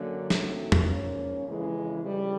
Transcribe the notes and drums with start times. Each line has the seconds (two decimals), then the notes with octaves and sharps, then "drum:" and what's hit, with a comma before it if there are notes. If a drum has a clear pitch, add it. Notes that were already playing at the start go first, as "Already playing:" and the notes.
Already playing: F#2 D3 F#3 A#3
0.30 F#2 D#3 F#3 A3 C4, drum: snare
0.72 drum: tom E2
0.89 G#2 F3 A#3 C#4
1.46 F2 C#3 E3 G#3
2.03 F2 C#3 E3 G3